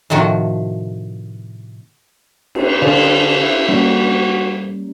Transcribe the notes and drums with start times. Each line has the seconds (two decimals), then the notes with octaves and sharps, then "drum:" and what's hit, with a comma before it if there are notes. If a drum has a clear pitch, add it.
0.10 A2 C3 D#3 F3 F#4
2.55 drum: cymbal
2.82 D3 G3 A4 C5 F5 G#5
3.43 E4
3.69 G3 A#3 C#4 F#4